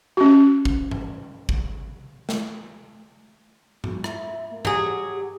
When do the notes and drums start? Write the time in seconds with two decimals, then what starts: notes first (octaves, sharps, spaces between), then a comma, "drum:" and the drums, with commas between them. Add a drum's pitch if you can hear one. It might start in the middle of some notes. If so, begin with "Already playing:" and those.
0.17 C#4 F#4
0.65 drum: kick G#1
0.91 drum: tom G#2
1.49 drum: kick G#1
2.29 drum: snare
3.84 F#4, drum: tom G#2
4.04 E5, drum: rim click
4.50 A#3
4.65 F#3 G4 G#4, drum: tom G#2